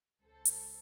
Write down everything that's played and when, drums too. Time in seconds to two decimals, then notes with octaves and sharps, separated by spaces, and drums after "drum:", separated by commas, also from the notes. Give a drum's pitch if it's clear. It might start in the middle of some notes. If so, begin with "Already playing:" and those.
0.22 C#2 A4 C5
0.45 drum: hi-hat